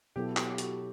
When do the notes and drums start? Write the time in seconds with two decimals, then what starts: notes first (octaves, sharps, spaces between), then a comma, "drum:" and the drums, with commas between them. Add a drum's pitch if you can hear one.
0.16 B2 F#3 B3 E4 G4 A4
0.37 G4, drum: clap
0.58 F#4, drum: hi-hat